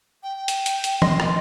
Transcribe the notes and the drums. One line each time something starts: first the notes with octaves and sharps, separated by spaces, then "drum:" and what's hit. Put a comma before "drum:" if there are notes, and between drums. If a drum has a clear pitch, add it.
G5
drum: hi-hat
drum: hi-hat
drum: hi-hat
D#5 C6, drum: tom D#3
drum: rim click